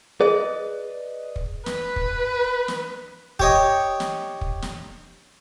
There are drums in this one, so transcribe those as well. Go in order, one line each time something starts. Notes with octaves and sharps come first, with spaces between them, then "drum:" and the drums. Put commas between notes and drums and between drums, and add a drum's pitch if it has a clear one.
G#4 B4 D5 D#5
drum: kick
B4, drum: snare
drum: kick
drum: snare
G4 C#5 D#5, drum: kick
drum: snare
drum: kick
drum: snare